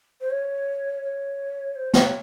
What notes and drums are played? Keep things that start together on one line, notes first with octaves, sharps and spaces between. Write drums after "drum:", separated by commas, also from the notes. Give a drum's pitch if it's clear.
C5
C#5
C#5
C5
C#5, drum: snare